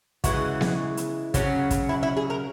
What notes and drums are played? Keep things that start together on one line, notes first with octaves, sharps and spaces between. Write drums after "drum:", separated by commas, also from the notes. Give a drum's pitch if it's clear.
C#3 E3 G#3 F#4, drum: kick, hi-hat
drum: snare B3
drum: hi-hat
C#3 F#3 C#4, drum: kick, hi-hat
drum: kick, hi-hat
E4
E4
G#4
A#4